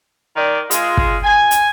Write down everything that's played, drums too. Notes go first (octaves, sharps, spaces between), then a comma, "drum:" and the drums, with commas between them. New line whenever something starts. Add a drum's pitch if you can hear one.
D#3 D5
G#3 F4, drum: hi-hat
drum: kick
G#5
drum: hi-hat